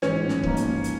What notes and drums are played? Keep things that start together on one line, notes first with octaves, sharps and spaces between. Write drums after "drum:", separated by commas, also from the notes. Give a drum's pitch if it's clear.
A1 G#2 D#3 C#4, drum: snare
drum: snare
G#2 F3 A#3 D#4, drum: kick
drum: hi-hat
drum: hi-hat